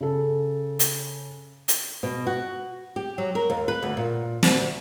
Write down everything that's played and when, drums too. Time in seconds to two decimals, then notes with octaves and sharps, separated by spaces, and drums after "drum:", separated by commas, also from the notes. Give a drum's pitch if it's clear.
0.01 C#3 A4
0.79 drum: hi-hat
1.68 drum: hi-hat
2.03 B2
2.27 F#4
2.96 G4
3.18 F#3
3.35 A#4
3.50 D#2
3.68 B4
3.83 D2
3.97 A#2
4.43 D2, drum: snare